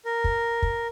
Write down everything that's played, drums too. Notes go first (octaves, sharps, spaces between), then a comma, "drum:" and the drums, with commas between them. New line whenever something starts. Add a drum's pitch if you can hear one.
A#4
drum: kick
drum: kick